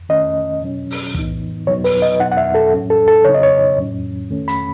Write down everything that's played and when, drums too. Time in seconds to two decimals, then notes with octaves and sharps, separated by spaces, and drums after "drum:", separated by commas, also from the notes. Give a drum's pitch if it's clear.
0.09 D#3 A3 C#4 D#5
0.62 B2 F#3 C#4
0.91 drum: open hi-hat
1.14 A2 E3 B3 D#4, drum: kick
1.67 B2 F#3 B3 D#4 C#5
1.84 B4, drum: open hi-hat
2.02 D#5
2.20 B2 F#3 B3 D#4 F#5
2.32 F#5
2.37 E5
2.55 A4
2.73 A2 F#3 C#4
2.90 A4
3.08 A4
3.24 C#3 F#3 B3 D#4 C#5
3.34 D#5
3.43 C#5
3.78 A2 F#3 C#4
4.31 D#3 A3 C#4
4.48 B5, drum: hi-hat